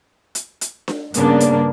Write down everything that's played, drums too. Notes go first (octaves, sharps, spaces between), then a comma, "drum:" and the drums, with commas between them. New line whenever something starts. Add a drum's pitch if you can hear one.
drum: hi-hat
drum: hi-hat
drum: snare D4
G2 C#3 A#3 B3 D4, drum: hi-hat
drum: hi-hat